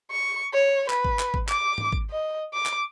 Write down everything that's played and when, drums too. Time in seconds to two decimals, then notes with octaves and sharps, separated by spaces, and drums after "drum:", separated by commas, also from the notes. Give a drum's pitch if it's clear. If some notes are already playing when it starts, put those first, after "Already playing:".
0.11 C#6
0.54 C#5
0.90 B4, drum: clap
1.05 drum: kick G#1
1.19 drum: clap
1.34 drum: kick G#1
1.49 D6, drum: clap
1.78 drum: tom G#2
1.92 drum: kick G#1
2.10 D#5
2.54 D6
2.66 drum: clap